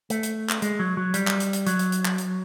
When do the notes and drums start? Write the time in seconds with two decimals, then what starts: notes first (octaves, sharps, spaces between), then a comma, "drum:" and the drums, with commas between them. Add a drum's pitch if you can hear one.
0.10 A3, drum: hi-hat
0.23 drum: hi-hat
0.49 drum: clap
0.62 G#3, drum: hi-hat
0.79 F#3
0.97 F#3
1.14 G3, drum: hi-hat
1.27 drum: clap
1.40 drum: hi-hat
1.53 drum: hi-hat
1.67 F#3, drum: hi-hat
1.79 drum: hi-hat
1.92 drum: hi-hat
2.05 drum: clap
2.18 drum: hi-hat